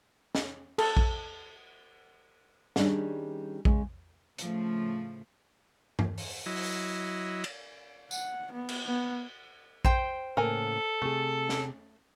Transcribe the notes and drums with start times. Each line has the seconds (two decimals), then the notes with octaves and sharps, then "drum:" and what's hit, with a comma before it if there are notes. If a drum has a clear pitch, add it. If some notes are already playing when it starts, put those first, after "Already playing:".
0.35 drum: snare
0.78 A4, drum: cymbal
0.97 drum: kick A#1
2.76 D#3 G3 C#4 D4 G#4, drum: snare
3.65 C#3 G#3, drum: kick A#1
4.38 A2 C#3 F3 A3, drum: hi-hat
5.99 drum: tom G2
6.18 drum: open hi-hat
6.46 F#3 E4 D#5
6.56 drum: open hi-hat
7.44 drum: cymbal
8.11 F#5, drum: tambourine
8.52 B3
8.69 drum: cymbal
8.85 B3
9.85 C5 G5, drum: kick A#1
10.37 A2 C#3 A#3 A4 A#4 G#5
11.02 C3 A3 G#4
11.49 drum: snare